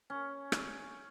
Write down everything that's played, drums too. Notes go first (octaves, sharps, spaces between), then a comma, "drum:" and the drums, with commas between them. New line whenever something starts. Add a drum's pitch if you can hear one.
C#4
drum: rim click